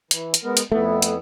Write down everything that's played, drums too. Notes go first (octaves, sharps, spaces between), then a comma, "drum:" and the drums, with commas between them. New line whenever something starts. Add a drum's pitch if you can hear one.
E3, drum: hi-hat
drum: hi-hat
G#3 B3 A#4
drum: hi-hat
F2 A3 B3 E4
drum: hi-hat